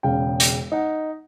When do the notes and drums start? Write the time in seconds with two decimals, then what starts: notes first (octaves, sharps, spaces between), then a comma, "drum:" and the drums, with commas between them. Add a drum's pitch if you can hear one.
0.03 E1 C#3 F5 G5
0.40 drum: hi-hat
0.72 D#4 F#5